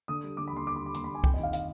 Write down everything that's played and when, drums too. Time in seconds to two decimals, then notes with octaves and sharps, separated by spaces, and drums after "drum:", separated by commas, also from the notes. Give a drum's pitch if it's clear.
0.08 D3 D#6
0.24 G3
0.37 D3 D6
0.48 B5
0.52 D#2 C6
0.66 D#2 D6
0.76 C6
0.81 G3
0.86 B5
0.95 D#2 C6, drum: hi-hat
1.04 B5
1.09 D#2
1.15 G#5
1.24 F2 G5, drum: kick C2
1.34 D#5
1.39 D#3 F5
1.53 F5, drum: hi-hat